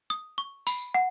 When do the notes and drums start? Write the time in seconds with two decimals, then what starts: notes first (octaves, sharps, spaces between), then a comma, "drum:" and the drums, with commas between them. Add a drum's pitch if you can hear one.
0.10 D#6
0.38 C#6
0.67 B5, drum: tambourine
0.94 F#5